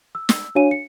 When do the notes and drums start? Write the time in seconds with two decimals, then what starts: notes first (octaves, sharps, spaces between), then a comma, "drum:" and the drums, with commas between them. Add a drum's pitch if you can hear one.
0.15 E6
0.29 E6, drum: snare
0.55 D4 F#4 C#5 F5 G#5 D#7
0.71 C#7